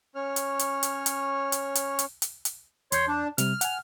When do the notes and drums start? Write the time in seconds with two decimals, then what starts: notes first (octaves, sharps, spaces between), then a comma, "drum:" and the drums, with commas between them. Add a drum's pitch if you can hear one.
0.15 C#4 C#5 F6
0.36 drum: hi-hat
0.59 drum: hi-hat
0.83 drum: hi-hat
1.06 drum: hi-hat
1.52 drum: hi-hat
1.75 drum: hi-hat
1.99 drum: hi-hat
2.22 drum: hi-hat
2.45 drum: hi-hat
2.92 E2 C#5 C6 G6, drum: hi-hat
3.08 D4
3.38 C3 G3 F6, drum: hi-hat
3.61 F#5 G#5, drum: hi-hat